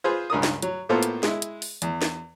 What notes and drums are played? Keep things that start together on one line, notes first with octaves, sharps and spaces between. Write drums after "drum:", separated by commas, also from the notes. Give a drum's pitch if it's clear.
F4 G#4 B4 C5
C#2 G2 A#4 D#6
drum: snare
F#3, drum: hi-hat
A2 A#3 B3 F4 A4 C5
drum: hi-hat
G#3 E4, drum: snare
drum: hi-hat
drum: open hi-hat
E2, drum: hi-hat
drum: snare